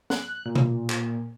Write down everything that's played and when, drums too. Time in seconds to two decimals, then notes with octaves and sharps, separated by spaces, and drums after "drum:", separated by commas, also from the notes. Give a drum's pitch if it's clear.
0.10 F#6, drum: snare
0.46 A#2
0.55 drum: tom B2
0.90 drum: clap